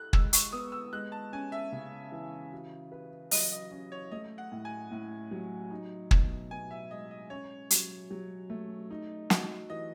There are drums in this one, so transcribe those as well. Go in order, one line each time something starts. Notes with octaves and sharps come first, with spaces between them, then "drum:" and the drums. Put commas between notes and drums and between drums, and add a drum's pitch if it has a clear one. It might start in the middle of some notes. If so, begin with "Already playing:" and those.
Already playing: E4 A4 F#6
G#3 E6, drum: kick
C#6, drum: hi-hat
B3 D#6
E6
G#3 F#6
A5
C#4 G#5
E5
C#3
E3
F#4
B4
F#3 D#5, drum: open hi-hat
D#5
C#4
C#5
A3 D#5
F#5
A2
G#5
A2
F#3
D#4
B2, drum: kick
B2 G#5
E5
G#3 D#5
D#5
C#4 C#5
F#3, drum: hi-hat
F#3
A3
D#4
F#4, drum: snare
E3 D#5